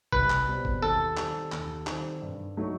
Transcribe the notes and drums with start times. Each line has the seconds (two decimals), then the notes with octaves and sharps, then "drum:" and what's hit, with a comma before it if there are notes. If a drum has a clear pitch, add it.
0.12 C2 B4, drum: kick
0.30 drum: clap
0.47 B2 G3 C4
0.65 drum: kick
0.82 D#2 A4
1.17 D#3 G3 C4, drum: clap
1.52 D#2, drum: clap
1.87 D#3 G3 C4, drum: clap
2.22 G2
2.57 F#3 A3 D#4